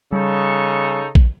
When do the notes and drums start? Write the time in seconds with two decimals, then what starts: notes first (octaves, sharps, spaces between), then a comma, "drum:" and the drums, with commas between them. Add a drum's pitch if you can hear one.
0.12 C#3 G3 D#4 A4 C#6
1.15 drum: kick A#1